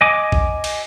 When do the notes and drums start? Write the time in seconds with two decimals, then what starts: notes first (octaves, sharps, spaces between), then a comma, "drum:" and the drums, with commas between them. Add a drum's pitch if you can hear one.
0.01 D#5 G#5 D6
0.32 drum: kick B1
0.64 drum: cymbal